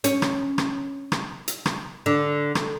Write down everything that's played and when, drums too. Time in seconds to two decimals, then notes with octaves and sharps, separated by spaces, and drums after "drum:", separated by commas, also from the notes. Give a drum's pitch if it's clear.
0.04 C#4, drum: hi-hat
0.22 drum: rim click
0.58 drum: rim click
1.12 drum: rim click
1.48 drum: hi-hat
1.66 drum: rim click
2.06 D3
2.55 drum: rim click